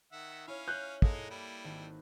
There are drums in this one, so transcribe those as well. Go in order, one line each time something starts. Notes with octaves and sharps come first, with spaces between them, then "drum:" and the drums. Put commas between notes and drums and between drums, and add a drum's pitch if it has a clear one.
D#3 E5 F#5
C#4 E4 C#5 F5
F#6 G6
G#3 A#3 D#4 A4 D#6, drum: kick
G3 E4
G#1